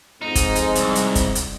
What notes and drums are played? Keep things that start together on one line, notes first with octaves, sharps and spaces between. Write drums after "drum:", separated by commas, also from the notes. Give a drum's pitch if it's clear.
F2 G#2 D#4
drum: kick, hi-hat
drum: hi-hat
C2, drum: hi-hat
drum: hi-hat
drum: kick, hi-hat
drum: hi-hat